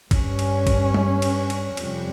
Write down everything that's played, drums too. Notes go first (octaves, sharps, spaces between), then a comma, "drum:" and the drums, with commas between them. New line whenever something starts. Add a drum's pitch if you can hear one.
G2 C#4, drum: kick G1, cymbal
drum: cymbal
drum: kick G1, cymbal
drum: tom G3
drum: cymbal
drum: cymbal
F2 C3 G3, drum: cymbal